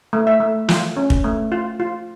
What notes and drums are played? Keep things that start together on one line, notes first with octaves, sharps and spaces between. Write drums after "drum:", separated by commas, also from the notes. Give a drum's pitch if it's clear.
A3
E5
A3
F4, drum: snare
C#4
drum: kick
A3
F4
F4